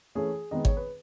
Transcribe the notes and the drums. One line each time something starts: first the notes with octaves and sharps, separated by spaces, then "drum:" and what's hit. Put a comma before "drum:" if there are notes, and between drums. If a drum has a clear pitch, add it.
E3 A3 C#4 G#4
D#3 G#3 B3 D#5
C#5, drum: kick
B4